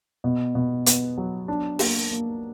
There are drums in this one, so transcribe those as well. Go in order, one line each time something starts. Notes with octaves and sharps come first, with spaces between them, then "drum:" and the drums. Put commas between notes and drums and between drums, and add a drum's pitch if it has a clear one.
B2
B2
B3, drum: hi-hat
F#3
D4
A#3, drum: open hi-hat
A#3